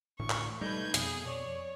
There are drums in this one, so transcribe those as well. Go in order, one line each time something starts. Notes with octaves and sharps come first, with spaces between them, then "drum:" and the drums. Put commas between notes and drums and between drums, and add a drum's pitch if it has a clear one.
A1 D2 A2 C#6
drum: clap
G3 A3 D#4 B4 G6 G#6
F2 B2 G#4, drum: hi-hat
C#5 D5